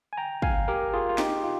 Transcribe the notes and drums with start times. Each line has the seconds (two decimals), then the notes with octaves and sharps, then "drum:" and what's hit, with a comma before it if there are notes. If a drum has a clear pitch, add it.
0.13 G#5
0.17 G5 A#5
0.42 F5 G#5, drum: kick
0.68 G4 A#4
0.93 F4 G#4
1.09 F4
1.18 D#4 G4, drum: snare
1.44 F4